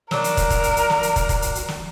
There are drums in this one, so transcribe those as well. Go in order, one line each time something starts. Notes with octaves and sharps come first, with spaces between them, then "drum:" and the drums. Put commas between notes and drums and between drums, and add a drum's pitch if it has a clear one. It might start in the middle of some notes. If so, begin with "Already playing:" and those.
F#3 D4 A#4, drum: snare
drum: hi-hat
drum: kick, hi-hat
drum: kick, hi-hat
drum: hi-hat
drum: hi-hat
drum: snare
drum: hi-hat
drum: kick, hi-hat
drum: kick, hi-hat
drum: hi-hat
drum: hi-hat
drum: snare